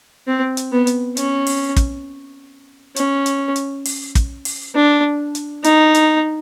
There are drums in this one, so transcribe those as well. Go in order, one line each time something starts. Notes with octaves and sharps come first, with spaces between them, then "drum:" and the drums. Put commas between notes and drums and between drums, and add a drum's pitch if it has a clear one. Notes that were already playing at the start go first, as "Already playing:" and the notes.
C4
drum: hi-hat
B3
drum: hi-hat
C#4, drum: hi-hat
drum: open hi-hat
drum: kick, hi-hat
C#4, drum: hi-hat
drum: hi-hat
drum: hi-hat
drum: open hi-hat
drum: kick, hi-hat
drum: open hi-hat
D4
drum: hi-hat
D#4, drum: hi-hat
drum: hi-hat